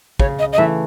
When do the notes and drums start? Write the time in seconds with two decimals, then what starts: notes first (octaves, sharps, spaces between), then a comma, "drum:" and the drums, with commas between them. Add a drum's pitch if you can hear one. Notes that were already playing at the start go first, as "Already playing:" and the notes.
0.20 C#3 C#5, drum: kick
0.39 D#5
0.53 D#5
0.58 E3 A3 E5